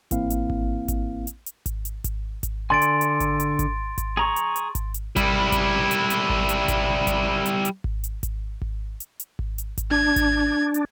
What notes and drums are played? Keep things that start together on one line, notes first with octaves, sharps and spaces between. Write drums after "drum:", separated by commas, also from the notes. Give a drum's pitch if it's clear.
A1 A#3 C4 E4 F5, drum: kick G#1, hi-hat
drum: hi-hat
drum: kick G#1
drum: kick G#1, hi-hat
drum: hi-hat
drum: hi-hat
drum: kick G#1, hi-hat
drum: hi-hat
drum: kick G#1, hi-hat
drum: kick G#1, hi-hat
D3 G#5 C6 A6 D7
drum: hi-hat
drum: hi-hat
drum: kick G#1, hi-hat
drum: hi-hat
drum: kick G#1, hi-hat
drum: kick G#1, hi-hat
G#4 A#5 C#6
drum: hi-hat
drum: hi-hat
drum: kick G#1, hi-hat
drum: hi-hat
G3 E4, drum: kick G#1, hi-hat
drum: kick G#1, hi-hat
drum: hi-hat
drum: hi-hat
drum: kick G#1
drum: hi-hat
drum: kick G#1, hi-hat
drum: kick G#1, hi-hat
drum: hi-hat
drum: hi-hat
drum: kick G#1
drum: hi-hat
drum: kick G#1, hi-hat
drum: kick G#1
drum: hi-hat
drum: hi-hat
drum: kick G#1
drum: hi-hat
drum: kick G#1, hi-hat
D4 G#6
drum: kick G#1, hi-hat
drum: hi-hat